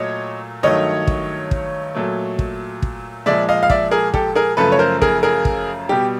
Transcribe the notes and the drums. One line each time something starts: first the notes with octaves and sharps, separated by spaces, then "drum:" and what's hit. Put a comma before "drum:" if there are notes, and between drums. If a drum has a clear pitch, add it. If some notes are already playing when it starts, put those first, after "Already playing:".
Already playing: A#2 F#3 A3 C#5 D#5
G2 D#3 F#3 A3 C#5 D#5
drum: kick
drum: kick
A#2 F#3 A3
drum: kick
drum: kick
A#2 F3 G#3 D5 E5
D#5 F5
F5
D5 E5, drum: kick
G#4 A#4
G4 A4, drum: kick
G#4 A#4
F#2 C#3 F3 A3 A4 B4
C#5
A#4 C5
G#4 A#4, drum: kick
G#4 A#4
drum: kick
B2 G3 G4